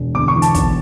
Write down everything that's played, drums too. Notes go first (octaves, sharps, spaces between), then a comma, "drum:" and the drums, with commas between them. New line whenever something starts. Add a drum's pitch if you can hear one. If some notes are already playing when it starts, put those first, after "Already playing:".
Already playing: E1
G1 D6
C#6
E3
A5, drum: hi-hat
B1, drum: kick, hi-hat